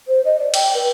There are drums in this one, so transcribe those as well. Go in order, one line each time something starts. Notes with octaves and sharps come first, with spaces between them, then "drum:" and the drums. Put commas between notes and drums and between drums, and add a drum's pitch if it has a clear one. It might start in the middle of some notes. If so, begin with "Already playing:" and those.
C5
D#5
D5
G5, drum: cymbal
B4